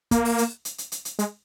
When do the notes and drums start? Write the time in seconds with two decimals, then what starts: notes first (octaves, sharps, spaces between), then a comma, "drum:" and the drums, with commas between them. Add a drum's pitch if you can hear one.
0.11 A#3, drum: kick, hi-hat
0.25 drum: open hi-hat
0.38 drum: hi-hat
0.65 drum: hi-hat
0.78 drum: hi-hat
0.92 drum: hi-hat
1.05 drum: hi-hat
1.19 G#3, drum: hi-hat